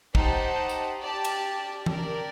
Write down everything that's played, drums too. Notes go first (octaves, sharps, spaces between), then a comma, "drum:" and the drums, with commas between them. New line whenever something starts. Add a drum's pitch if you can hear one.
D#4 G4 C5 F#5 A5, drum: kick
drum: tambourine
G4 D5 A5
drum: cymbal
D4 G4 A#4 D5, drum: tom E3